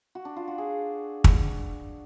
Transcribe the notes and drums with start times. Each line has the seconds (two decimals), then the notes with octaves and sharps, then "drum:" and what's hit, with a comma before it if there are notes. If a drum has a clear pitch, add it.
0.15 F#4
0.25 D4
0.37 F4
0.48 F#4
0.58 G#4
1.24 drum: kick